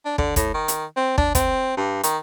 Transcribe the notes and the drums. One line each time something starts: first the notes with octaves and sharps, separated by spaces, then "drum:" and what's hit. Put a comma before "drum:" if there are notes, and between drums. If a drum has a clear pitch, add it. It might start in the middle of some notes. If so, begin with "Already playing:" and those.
D4
D3, drum: kick
A2, drum: kick, hi-hat
D#3
drum: hi-hat
C4
D4, drum: kick
C4, drum: kick, hi-hat
G2
D#3, drum: hi-hat